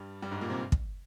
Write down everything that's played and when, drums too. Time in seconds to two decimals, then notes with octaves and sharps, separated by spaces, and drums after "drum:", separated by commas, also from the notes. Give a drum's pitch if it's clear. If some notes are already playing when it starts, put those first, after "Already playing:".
Already playing: G2 G3
0.22 G2 G3
0.31 G#2 G#3
0.41 A#2 A#3
0.50 C3 C4
0.72 drum: kick